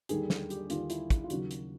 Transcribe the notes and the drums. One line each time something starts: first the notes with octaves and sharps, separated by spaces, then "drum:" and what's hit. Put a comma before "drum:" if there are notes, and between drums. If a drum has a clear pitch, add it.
D#2 D3 G3 G#4, drum: hi-hat
drum: snare
G4, drum: hi-hat
D#2 D3 G3 F4, drum: hi-hat
E4, drum: hi-hat
drum: kick, hi-hat
F4
D#2 C#3 F#3 F#4, drum: hi-hat
drum: hi-hat